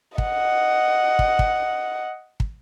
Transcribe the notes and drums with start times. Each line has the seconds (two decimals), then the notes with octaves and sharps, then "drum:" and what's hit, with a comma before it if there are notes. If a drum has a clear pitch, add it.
0.18 D#5 F#5, drum: kick
1.19 drum: kick
1.39 drum: kick
2.40 drum: kick